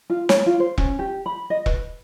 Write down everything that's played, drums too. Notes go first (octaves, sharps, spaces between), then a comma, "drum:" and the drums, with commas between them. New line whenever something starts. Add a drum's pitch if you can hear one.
F4
C#5, drum: snare
F4
C5
C#4, drum: kick E1
G4
B5
D#5
B4, drum: kick E1